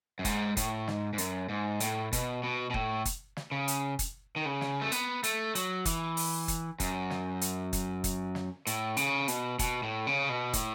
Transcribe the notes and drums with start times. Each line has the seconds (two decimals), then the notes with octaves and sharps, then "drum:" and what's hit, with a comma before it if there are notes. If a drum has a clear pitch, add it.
0.19 F#2
0.25 G#2, drum: kick, hi-hat
0.57 A2, drum: kick, hi-hat
0.88 G#2, drum: snare
1.13 G#2
1.18 F#2, drum: hi-hat
1.49 G#2
1.80 A2, drum: hi-hat
2.13 B2, drum: kick, hi-hat
2.44 B2
2.70 B2
2.74 A2, drum: kick
3.05 drum: kick, hi-hat
3.37 drum: snare
3.52 C#3
3.68 drum: hi-hat
3.99 drum: kick, hi-hat
4.36 D#3
4.46 C#3
4.61 drum: snare
4.82 A3
4.92 B3, drum: hi-hat
5.23 A3, drum: hi-hat
5.55 F#3, drum: hi-hat
5.85 E3, drum: kick, hi-hat
6.17 drum: open hi-hat
6.48 drum: kick, hi-hat
6.80 F#2, drum: kick, hi-hat
7.10 drum: snare
7.41 drum: hi-hat
7.73 drum: kick, hi-hat
8.04 drum: kick, hi-hat
8.35 drum: snare
8.67 A2, drum: hi-hat
8.97 C#3, drum: hi-hat
9.28 B2, drum: hi-hat
9.59 B2, drum: kick, hi-hat
9.83 A2
10.07 C#3
10.29 B2
10.53 A2, drum: kick, hi-hat